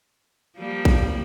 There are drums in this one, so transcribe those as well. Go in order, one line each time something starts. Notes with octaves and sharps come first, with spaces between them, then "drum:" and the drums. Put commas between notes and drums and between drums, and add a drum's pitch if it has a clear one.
F3 G3 A#3
drum: kick